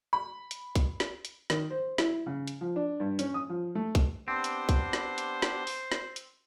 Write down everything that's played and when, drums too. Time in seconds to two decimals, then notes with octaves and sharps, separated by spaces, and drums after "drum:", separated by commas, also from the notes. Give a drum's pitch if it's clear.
0.13 B5
0.51 drum: hi-hat
0.75 drum: kick B1, hi-hat
1.00 drum: snare
1.25 drum: hi-hat
1.50 D#3, drum: snare
1.70 C5
1.98 E4, drum: snare
2.26 C#3
2.48 drum: hi-hat
2.61 F3
2.76 D4
3.00 G2
3.19 C#4, drum: hi-hat
3.34 D#6
3.50 F3
3.75 A3
3.95 drum: kick B1, hi-hat
4.28 B3 C4 D4 G4 C5
4.44 drum: hi-hat
4.69 drum: kick B1, hi-hat
4.93 drum: snare
5.18 drum: hi-hat
5.42 drum: snare
5.67 drum: open hi-hat
5.92 drum: snare
6.16 drum: hi-hat